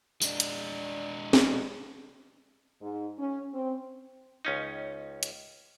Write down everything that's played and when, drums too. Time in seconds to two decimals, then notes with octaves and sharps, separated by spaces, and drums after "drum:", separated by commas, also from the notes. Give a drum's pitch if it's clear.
0.22 G#3 D4, drum: tambourine
0.40 drum: hi-hat
1.33 drum: snare
2.82 G#2
3.18 C#4
3.53 C4
4.45 C#2 C#4 D#4
5.23 drum: hi-hat